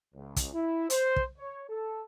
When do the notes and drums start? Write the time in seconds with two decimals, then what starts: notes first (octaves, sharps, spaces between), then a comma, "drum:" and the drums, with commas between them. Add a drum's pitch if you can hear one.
0.15 C#2
0.36 drum: kick, hi-hat
0.53 E4
0.90 C5, drum: hi-hat
1.16 drum: kick
1.38 C#5
1.69 A4